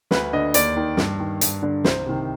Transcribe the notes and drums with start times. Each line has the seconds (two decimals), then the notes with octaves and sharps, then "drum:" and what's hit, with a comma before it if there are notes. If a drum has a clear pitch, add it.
0.11 D2 B4, drum: snare
0.33 D3 D#5
0.54 D#2 D5, drum: hi-hat
0.77 D#3
0.97 G2, drum: snare
1.20 D#3
1.41 G2, drum: hi-hat
1.63 D3
1.84 C2 C5, drum: snare
2.06 C3 D#3